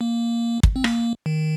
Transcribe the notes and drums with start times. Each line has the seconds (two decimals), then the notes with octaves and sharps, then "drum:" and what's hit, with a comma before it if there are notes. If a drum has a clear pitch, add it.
0.01 A#3
0.63 drum: kick
0.76 C4
0.84 A#3, drum: rim click
1.26 D#3